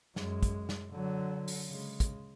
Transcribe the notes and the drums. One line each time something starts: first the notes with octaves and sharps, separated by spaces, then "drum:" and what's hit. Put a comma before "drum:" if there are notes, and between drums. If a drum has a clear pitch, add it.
F#2 G#3, drum: snare
drum: kick, hi-hat
drum: snare
D3 F#3
drum: open hi-hat
C#3 G#3
drum: kick, hi-hat